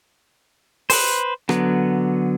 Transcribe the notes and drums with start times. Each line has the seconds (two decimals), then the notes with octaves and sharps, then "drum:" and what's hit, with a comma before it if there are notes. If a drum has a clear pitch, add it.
0.90 B4 C5, drum: open hi-hat
1.49 D3 F#3 B3, drum: rim click